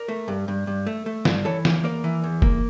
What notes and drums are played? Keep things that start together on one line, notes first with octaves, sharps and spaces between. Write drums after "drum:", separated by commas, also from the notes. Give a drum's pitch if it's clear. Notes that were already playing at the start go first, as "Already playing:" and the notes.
Already playing: A#4 D5
A3
G2
G2
G2
A3
A3
G2, drum: snare
E3 A4 C#5
E2, drum: snare
A#3 A#4 D5
E3
E2
A#3, drum: kick